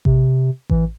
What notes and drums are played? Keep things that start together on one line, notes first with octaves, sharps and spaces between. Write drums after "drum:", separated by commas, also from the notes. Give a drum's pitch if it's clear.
C3, drum: kick A1
E3, drum: kick A1